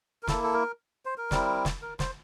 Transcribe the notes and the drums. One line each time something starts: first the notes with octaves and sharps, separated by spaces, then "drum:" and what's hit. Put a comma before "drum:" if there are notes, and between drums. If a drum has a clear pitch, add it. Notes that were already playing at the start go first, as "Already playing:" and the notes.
A#4
A#3 E4 A4, drum: snare
A4
A#4
C5
A#4
G3 C4 E4, drum: snare
drum: snare
A#4
C5, drum: snare